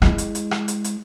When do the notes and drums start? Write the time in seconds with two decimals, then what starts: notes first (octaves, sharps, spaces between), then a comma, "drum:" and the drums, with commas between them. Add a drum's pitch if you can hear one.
0.02 G#3 E4, drum: rim click
0.18 drum: hi-hat
0.35 drum: hi-hat
0.51 drum: rim click
0.68 drum: hi-hat
0.84 drum: hi-hat